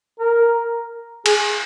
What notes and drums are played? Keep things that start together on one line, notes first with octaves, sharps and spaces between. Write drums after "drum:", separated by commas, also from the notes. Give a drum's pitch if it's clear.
A#4
G#4, drum: cymbal